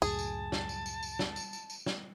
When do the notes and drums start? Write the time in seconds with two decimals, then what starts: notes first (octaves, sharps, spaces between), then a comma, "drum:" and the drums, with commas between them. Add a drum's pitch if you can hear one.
0.02 C#2 F#2 A2 G#4 A5, drum: tambourine
0.19 drum: tambourine
0.52 drum: snare
0.69 drum: tambourine
0.86 drum: tambourine
1.03 drum: tambourine
1.19 drum: snare
1.36 drum: tambourine
1.53 drum: tambourine
1.70 drum: tambourine
1.86 drum: snare